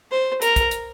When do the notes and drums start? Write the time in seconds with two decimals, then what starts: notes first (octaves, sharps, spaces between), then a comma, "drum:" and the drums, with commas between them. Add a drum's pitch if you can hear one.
0.11 C5
0.42 A#4, drum: hi-hat
0.56 drum: kick, hi-hat
0.71 drum: hi-hat